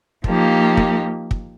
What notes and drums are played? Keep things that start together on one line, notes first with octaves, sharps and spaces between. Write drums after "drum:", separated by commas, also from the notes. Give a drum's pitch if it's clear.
F3 A#3 D#4 G4, drum: kick
drum: kick
drum: kick